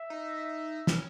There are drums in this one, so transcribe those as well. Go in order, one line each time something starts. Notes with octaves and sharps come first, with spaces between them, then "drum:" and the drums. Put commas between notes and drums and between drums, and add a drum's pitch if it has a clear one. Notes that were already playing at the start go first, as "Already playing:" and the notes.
Already playing: E5
D#4
C#4, drum: snare